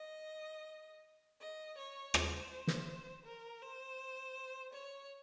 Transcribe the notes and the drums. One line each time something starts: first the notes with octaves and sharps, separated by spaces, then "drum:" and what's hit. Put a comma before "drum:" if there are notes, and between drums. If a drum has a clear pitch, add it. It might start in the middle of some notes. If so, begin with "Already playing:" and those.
Already playing: D#5
D#5
C#5
C5, drum: rim click
drum: snare
A#4
C5
C#5